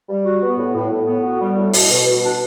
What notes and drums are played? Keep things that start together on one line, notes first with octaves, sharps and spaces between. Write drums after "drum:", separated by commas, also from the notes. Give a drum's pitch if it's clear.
G3
F#4
B3
A2
A2
A2
B3
F#4
G3
A2
B2, drum: open hi-hat
B2
B2
D4